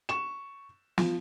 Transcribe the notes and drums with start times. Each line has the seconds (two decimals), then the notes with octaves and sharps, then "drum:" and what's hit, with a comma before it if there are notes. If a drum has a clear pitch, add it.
0.09 C#6 E7
0.98 F3, drum: snare